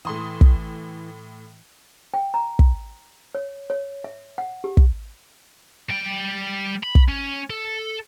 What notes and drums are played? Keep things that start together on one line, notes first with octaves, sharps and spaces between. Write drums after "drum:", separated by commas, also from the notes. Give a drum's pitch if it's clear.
A2 E3 C6 D#6
drum: kick
G5
A#5
drum: kick
C#5
C#5
E5
F#5
G4
drum: kick
G3 G5
B5
drum: kick
C#4
A4